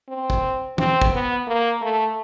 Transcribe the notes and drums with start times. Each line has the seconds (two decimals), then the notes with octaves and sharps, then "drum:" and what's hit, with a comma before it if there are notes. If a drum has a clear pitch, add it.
0.09 C4
0.30 drum: kick
0.78 C4, drum: tom E3
1.02 drum: kick
1.12 B3
1.47 A#3
1.82 A3